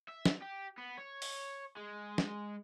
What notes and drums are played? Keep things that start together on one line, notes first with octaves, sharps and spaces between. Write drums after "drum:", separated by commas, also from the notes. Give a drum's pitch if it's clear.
E5
drum: snare
G4
B3
C#5
drum: open hi-hat
G#3
drum: snare